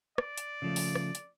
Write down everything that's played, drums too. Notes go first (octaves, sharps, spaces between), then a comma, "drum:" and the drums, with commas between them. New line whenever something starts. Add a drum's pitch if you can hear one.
D5, drum: rim click
drum: hi-hat
C#3 F3 A3
drum: open hi-hat
drum: rim click
drum: hi-hat